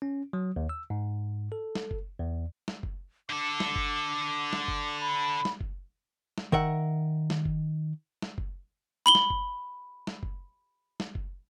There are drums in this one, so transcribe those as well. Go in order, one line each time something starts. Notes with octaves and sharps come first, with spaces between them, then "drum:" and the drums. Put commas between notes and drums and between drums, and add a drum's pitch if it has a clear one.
C#4
F#3
D#2
E6
G#2
A4
drum: snare
drum: kick F#1
E2
drum: snare
drum: kick F#1
D3 A4 D6
drum: snare
drum: kick F#1
drum: snare
drum: kick F#1
B5
drum: snare
drum: kick F#1
drum: snare
D#3 A#4 E5 F#5, drum: kick F#1
drum: snare
drum: kick F#1
drum: snare
drum: kick F#1
B5 F#7 G7
drum: snare
drum: kick F#1
drum: snare
drum: kick F#1
drum: snare
drum: kick F#1